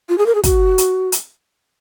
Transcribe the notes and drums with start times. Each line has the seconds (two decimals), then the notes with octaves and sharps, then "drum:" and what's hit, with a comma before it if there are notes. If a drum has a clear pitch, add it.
0.09 F4
0.18 G#4
0.26 A#4
0.35 G#4
0.44 F#4, drum: kick, hi-hat
0.78 drum: hi-hat
1.12 drum: hi-hat